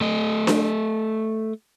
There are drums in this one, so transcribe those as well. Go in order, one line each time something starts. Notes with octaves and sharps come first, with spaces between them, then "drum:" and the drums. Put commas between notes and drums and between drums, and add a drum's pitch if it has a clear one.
A3 D#5
drum: snare D4